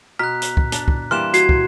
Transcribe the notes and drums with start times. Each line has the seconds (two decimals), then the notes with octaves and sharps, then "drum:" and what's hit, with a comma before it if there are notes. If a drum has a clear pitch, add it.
0.19 B2 A#5 F6 F#6 B6
0.42 drum: hi-hat
0.57 drum: kick
0.72 D4, drum: hi-hat
0.88 drum: kick
1.11 E3 G3 A#3 C6 F6 F#6 E7
1.34 F#4 G#6 C7, drum: hi-hat
1.49 drum: kick